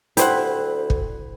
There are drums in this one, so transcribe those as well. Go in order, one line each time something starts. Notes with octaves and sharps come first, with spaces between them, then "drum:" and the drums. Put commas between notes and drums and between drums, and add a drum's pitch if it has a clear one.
D2 E4 G4 C5 F#5, drum: hi-hat
drum: kick